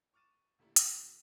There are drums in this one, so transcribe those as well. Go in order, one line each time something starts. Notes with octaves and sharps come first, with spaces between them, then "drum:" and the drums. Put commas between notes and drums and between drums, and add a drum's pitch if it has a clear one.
C#6 D6 F6 A6 D#7 E7
D#1 D2 G3 A3 A#3 E4
drum: hi-hat